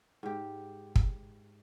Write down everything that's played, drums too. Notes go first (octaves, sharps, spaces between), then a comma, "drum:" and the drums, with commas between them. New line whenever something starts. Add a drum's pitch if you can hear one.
G#2 G4
drum: kick